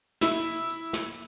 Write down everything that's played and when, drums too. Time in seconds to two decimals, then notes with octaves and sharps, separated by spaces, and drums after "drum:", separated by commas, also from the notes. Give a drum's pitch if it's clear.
0.21 E4, drum: snare
0.69 drum: hi-hat
0.93 drum: snare